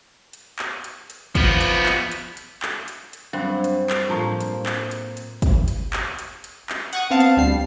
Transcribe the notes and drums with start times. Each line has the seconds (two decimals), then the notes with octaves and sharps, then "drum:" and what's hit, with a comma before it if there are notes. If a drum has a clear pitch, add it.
0.33 drum: hi-hat
0.59 drum: clap
0.84 drum: hi-hat
1.10 drum: hi-hat
1.35 F3 B3, drum: kick, hi-hat
1.61 drum: hi-hat
1.86 drum: clap
2.11 drum: hi-hat
2.37 drum: hi-hat
2.62 drum: clap
2.88 drum: hi-hat
3.13 drum: hi-hat
3.33 G2 F#3 C4
3.64 drum: hi-hat
3.90 drum: clap
4.09 A2 F3 A#3 A#5
4.40 drum: hi-hat
4.66 drum: clap
4.91 drum: hi-hat
5.17 drum: hi-hat
5.42 drum: kick, hi-hat
5.68 drum: hi-hat
5.93 drum: clap
6.19 drum: hi-hat
6.44 drum: hi-hat
6.69 drum: clap
6.93 F#5 C#6 D#6, drum: hi-hat
7.10 B3 C4 F5 A5
7.20 drum: hi-hat
7.37 D2 G3 C7